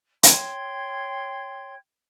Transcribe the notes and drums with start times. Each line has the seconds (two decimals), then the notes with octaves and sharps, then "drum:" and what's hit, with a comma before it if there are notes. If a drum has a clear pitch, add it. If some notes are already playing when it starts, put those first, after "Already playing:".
0.23 C#5 G5 C6 G#6, drum: hi-hat